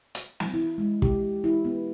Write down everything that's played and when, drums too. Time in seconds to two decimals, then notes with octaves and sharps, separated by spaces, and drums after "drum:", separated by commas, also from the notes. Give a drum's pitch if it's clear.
0.15 drum: hi-hat
0.40 drum: snare
0.54 E4
0.78 G#3
1.02 G4, drum: kick
1.44 E4
1.65 B3